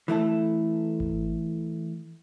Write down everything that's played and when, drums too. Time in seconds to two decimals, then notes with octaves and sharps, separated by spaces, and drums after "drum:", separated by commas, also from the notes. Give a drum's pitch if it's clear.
0.08 E3 A3 E4 A4
1.00 drum: kick G#1